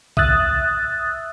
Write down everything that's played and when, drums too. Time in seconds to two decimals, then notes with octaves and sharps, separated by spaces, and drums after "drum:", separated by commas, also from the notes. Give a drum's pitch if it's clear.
0.17 E5 D#6 E6 F#6 A6, drum: kick B1